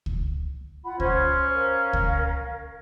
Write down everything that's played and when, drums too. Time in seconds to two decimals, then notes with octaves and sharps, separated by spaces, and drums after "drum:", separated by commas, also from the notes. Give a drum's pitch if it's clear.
0.06 drum: kick C#2
0.85 F4 F#5 B5
1.00 C#4 C5, drum: kick C#2
1.55 A#4 F5
1.93 drum: kick C#2